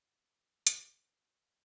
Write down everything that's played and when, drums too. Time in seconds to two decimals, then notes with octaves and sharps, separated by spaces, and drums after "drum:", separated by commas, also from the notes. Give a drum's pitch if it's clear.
0.23 D5
0.38 G4
0.52 G#5
0.67 A4, drum: hi-hat
0.83 G#4
1.04 F#5
1.17 B4
1.30 F#4
1.46 E5